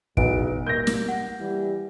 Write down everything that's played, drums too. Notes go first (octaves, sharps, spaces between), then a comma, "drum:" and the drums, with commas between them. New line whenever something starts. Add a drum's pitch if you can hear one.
B1 E2 B3 D7, drum: kick
G3 A#3 A#4 G6 A#6
drum: snare
F#5
E3 G3